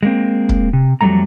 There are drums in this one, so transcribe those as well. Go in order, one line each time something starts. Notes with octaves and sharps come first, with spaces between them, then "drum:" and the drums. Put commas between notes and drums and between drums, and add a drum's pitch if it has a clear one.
G#3 A#3 C4
drum: kick
C3
F2 F#3 G3 A3 A#5